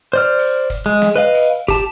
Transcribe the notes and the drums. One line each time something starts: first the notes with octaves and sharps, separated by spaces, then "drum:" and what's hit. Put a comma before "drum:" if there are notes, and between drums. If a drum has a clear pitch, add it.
C5 D5 F6
drum: open hi-hat
drum: kick, hi-hat
G#3
drum: snare
B4 D#5 F5
drum: open hi-hat
G4 A5, drum: kick, hi-hat